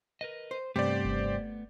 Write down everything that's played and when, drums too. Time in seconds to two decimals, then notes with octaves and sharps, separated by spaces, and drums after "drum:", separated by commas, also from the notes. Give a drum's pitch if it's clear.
0.21 A#4 B4 D#5
0.51 C5
0.76 G2 C3 A3 B3 G4 C5 D5
1.05 drum: kick F#1